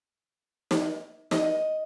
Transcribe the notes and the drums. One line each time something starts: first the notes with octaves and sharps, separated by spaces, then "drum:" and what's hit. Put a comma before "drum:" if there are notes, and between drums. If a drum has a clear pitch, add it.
drum: snare
D#5, drum: snare